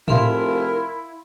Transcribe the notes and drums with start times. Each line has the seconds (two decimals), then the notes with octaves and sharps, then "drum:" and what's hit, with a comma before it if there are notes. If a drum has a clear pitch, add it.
0.08 F1 E4 A#4 E5 F5 C6, drum: tom A2